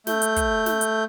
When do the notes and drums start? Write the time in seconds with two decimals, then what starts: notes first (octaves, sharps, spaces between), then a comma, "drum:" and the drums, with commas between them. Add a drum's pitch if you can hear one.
0.07 A3 G6, drum: snare
0.22 drum: hi-hat
0.36 drum: kick, hi-hat
0.66 drum: snare
0.81 drum: hi-hat